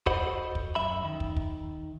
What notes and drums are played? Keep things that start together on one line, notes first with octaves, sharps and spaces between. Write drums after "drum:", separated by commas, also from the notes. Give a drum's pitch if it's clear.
F#4 A4 C5 D#5 F#5 B5, drum: kick
drum: kick
F#2 E5 B5
D#3
drum: kick
drum: kick